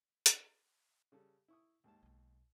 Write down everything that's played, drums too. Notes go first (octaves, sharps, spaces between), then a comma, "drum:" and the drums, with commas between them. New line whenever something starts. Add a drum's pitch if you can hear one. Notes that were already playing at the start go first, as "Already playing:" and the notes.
drum: hi-hat
C#3 G3 A4
E4 C#6 D#6
D#2 G#2 A5
B1 A#3